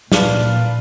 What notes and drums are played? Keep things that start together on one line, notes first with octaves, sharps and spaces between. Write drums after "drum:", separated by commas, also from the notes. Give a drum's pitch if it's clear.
A#2 D4 F4 B4, drum: snare